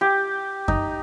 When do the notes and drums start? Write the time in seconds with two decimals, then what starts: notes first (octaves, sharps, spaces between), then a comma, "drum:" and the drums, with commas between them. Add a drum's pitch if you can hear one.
0.01 G4
0.68 D#4, drum: kick F#2